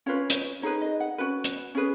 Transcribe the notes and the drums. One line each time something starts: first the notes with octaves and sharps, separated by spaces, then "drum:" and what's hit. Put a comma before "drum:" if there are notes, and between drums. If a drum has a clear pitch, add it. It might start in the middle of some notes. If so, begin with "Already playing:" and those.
C#4 F4 B4 C#5
drum: hi-hat
D#4 G#4 B4 C#5
D#5
F#5
C#4 F#4 B4
drum: hi-hat
C#4 G#4 B4